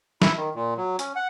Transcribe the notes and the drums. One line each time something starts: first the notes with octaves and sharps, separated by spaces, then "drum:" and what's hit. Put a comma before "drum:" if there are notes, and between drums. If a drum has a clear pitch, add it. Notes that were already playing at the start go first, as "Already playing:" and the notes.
E4, drum: snare
D#3
A#2
F#3
C#4, drum: hi-hat
F#5